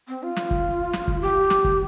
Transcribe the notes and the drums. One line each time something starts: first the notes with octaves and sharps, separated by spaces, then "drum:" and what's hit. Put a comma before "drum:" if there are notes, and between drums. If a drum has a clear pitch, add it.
C4
F4
drum: snare
drum: kick
drum: snare
drum: kick
G4
drum: snare
drum: kick